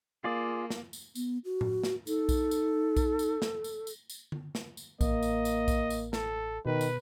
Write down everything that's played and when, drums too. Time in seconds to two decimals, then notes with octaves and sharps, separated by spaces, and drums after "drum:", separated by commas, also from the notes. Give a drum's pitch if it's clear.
0.24 A#3 F4 G#4 D5
0.70 drum: snare
0.93 drum: tambourine
1.15 B3, drum: tambourine
1.45 F#4
1.61 drum: tom A2
1.83 drum: snare
2.07 D#4 A4, drum: tambourine
2.29 drum: kick B1, tambourine
2.51 drum: tambourine
2.97 drum: kick B1, tambourine
3.19 drum: tambourine
3.42 drum: snare
3.64 drum: tambourine
3.87 drum: tambourine
4.10 drum: tambourine
4.32 drum: tom D3
4.55 drum: snare
4.77 drum: tambourine
5.01 A1 A#3 D#5, drum: kick B1, tambourine
5.23 drum: tambourine
5.45 drum: tambourine
5.68 drum: kick B1, tambourine
5.90 drum: tambourine
6.13 A4, drum: snare
6.66 B2 D#3 B4
6.81 drum: tambourine